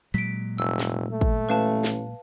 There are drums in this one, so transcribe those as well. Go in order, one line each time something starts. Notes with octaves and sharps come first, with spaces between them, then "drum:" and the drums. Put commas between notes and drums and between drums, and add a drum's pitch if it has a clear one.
A#2 F#3 G#3 B6 D7
F1 E6
drum: snare
A3
drum: kick
A1 B4 F5 A5
drum: snare